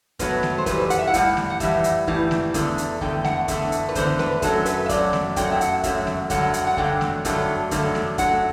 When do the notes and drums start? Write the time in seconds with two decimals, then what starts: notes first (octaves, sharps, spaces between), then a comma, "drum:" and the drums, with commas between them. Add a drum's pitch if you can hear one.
0.19 B2 F#3 A3 B4, drum: kick F2, hi-hat
0.43 drum: snare A3
0.58 C5
0.66 A2 E3 G3 B4, drum: kick F2, hi-hat
0.90 F#5, drum: hi-hat
0.99 E5
1.07 F#5
1.14 A2 E3 G3, drum: kick F2, hi-hat
1.37 drum: snare A3
1.50 F#5
1.60 A2 E3 G3 E5, drum: kick F2, hi-hat
1.84 drum: hi-hat
2.07 A2 E3 G3, drum: kick F2
2.31 drum: snare A3
2.54 E2 D3 A3, drum: kick F2, hi-hat
2.78 drum: hi-hat
3.01 E2 D3 A3 G5, drum: kick F2
3.24 F#5, drum: snare A3
3.48 E2 D3 A3 E5, drum: kick F2, hi-hat
3.72 drum: hi-hat
3.89 B4
3.95 E2 D3 A3 C5, drum: kick F2, hi-hat
4.19 B4, drum: snare A3
4.42 F#2 F#3 A3 A4, drum: kick F2, hi-hat
4.65 B4, drum: hi-hat
4.86 E5
4.89 F#2 F#3 A3 D5, drum: kick F2, hi-hat
5.13 drum: snare A3
5.36 F#2 F#3 A3 G5, drum: kick F2, hi-hat
5.44 F#5
5.52 E5
5.61 F#5, drum: hi-hat
5.83 F#2 F#3 A3 E5, drum: kick F2, hi-hat
6.07 drum: snare A3
6.30 G2 D3 F#3 A3 F#5, drum: kick F2, hi-hat
6.54 F#5, drum: hi-hat
6.67 F#5
6.77 G2 D3 F#3 A3 G5, drum: kick F2
7.01 drum: snare A3
7.25 G2 D3 F#3 A3, drum: kick F2, hi-hat
7.71 G2 D3 F#3 A3, drum: kick F2, hi-hat
7.95 drum: snare A3
8.18 F#2 F#3 A3 F#5, drum: kick F2, hi-hat